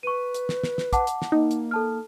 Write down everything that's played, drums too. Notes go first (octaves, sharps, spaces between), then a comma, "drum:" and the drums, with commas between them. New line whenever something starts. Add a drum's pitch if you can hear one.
B4 C#6 D#7
drum: hi-hat
drum: snare
drum: snare
drum: snare
F#5 A5 D6, drum: kick, hi-hat
drum: hi-hat
drum: snare
A#3 D#4
drum: hi-hat
A4 A5 F6